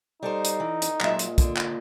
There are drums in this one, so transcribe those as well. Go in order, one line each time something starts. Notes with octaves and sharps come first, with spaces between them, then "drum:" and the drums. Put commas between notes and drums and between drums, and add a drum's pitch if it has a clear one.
G3 D#4 A4 C5
drum: hi-hat
E3
drum: hi-hat
A#2 F#3 G#3 E5, drum: clap
drum: hi-hat
D3, drum: kick, hi-hat
drum: clap